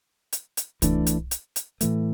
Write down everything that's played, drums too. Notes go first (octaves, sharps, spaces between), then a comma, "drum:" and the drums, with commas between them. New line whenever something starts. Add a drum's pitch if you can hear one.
drum: hi-hat
drum: hi-hat
E3 A3 D4, drum: kick C2, hi-hat
drum: hi-hat
drum: hi-hat
drum: hi-hat
A2 E3 A3, drum: hi-hat